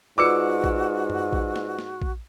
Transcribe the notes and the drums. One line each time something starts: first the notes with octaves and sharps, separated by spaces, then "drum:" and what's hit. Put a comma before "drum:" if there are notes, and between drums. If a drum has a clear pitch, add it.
G#2 F4 F#4 B4 D5 D6 E6 C#7
drum: kick A#1
drum: tom F#2
drum: kick A#1
drum: snare
drum: snare
drum: kick A#1